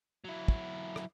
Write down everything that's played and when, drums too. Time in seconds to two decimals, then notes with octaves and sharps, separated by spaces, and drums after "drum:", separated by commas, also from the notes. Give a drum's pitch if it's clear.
0.25 F#3 E4
0.48 drum: kick
0.96 drum: rim click